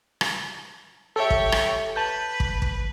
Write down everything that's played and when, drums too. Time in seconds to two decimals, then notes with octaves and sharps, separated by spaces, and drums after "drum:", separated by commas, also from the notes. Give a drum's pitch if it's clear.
0.21 drum: rim click
1.16 G4 A4 C#5 E5
1.30 drum: kick
1.52 drum: rim click
1.96 B4 A5 G6
2.40 drum: kick
2.62 drum: kick